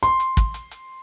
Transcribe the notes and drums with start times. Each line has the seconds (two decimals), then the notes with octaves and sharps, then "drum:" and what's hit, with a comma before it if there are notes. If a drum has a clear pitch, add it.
0.03 C6, drum: hi-hat
0.20 drum: hi-hat
0.37 drum: kick, hi-hat
0.54 drum: hi-hat
0.71 drum: hi-hat